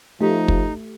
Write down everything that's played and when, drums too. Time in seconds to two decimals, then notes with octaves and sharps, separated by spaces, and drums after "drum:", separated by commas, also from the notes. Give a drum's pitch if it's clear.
0.21 F3 A3 D#4 G4 F5
0.48 drum: kick